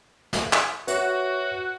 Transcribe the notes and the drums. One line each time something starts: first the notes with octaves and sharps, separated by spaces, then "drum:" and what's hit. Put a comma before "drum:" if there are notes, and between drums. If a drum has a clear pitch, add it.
drum: snare
drum: clap
F#4 B4 C#5 E5, drum: hi-hat